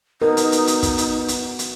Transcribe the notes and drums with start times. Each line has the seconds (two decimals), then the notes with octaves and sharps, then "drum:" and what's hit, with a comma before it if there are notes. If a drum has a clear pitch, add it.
0.22 B2 D#4 A#4
0.37 drum: hi-hat
0.52 drum: hi-hat
0.67 drum: hi-hat
0.83 drum: kick, hi-hat
0.98 drum: hi-hat
1.28 drum: hi-hat
1.59 drum: hi-hat